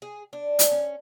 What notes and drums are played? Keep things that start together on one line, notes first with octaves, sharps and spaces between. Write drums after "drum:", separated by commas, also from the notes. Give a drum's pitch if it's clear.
G#4
D4
drum: hi-hat
C#4